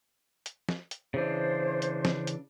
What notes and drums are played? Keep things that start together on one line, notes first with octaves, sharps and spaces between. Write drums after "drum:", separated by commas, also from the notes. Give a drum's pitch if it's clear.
drum: hi-hat
drum: snare
drum: hi-hat
C#3 E3 D4 C5
drum: hi-hat
drum: snare
drum: hi-hat